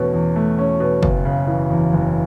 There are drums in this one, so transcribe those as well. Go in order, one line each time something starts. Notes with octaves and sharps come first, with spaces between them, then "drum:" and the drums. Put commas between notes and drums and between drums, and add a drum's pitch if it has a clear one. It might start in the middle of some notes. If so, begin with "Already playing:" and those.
Already playing: E2 B2 A3 C#4
E2
A3
C#4
B2
F#1, drum: kick
C#3
E3
E2
F#1